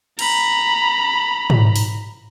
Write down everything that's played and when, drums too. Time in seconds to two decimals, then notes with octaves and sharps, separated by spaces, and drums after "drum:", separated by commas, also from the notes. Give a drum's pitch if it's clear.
0.19 A#5 B5, drum: cymbal
1.50 drum: tom G#2
1.76 drum: open hi-hat